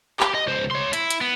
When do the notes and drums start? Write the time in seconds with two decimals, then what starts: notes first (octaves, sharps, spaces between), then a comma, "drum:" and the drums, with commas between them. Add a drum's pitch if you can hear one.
0.20 G4, drum: clap
0.34 D#5
0.47 C#2 C5
0.71 C#5 C6
0.93 E4, drum: hi-hat
1.10 drum: hi-hat
1.21 B3